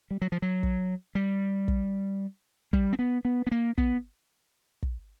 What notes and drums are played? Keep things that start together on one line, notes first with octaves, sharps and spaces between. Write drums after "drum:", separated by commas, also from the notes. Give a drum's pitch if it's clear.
G3
F#3
F3
F#3
drum: kick
G3
drum: kick
G3, drum: kick
C4
B3
B3
B3
A#3
B3, drum: kick
drum: kick